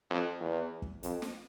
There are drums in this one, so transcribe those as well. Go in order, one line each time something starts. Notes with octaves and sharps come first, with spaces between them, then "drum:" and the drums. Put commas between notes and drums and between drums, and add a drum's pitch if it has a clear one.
F2
E2
drum: kick
F2, drum: hi-hat
drum: snare